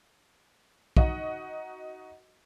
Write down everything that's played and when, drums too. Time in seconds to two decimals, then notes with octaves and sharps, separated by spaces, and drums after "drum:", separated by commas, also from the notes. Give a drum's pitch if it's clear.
0.97 D#4 F#4 D#5 F#5, drum: kick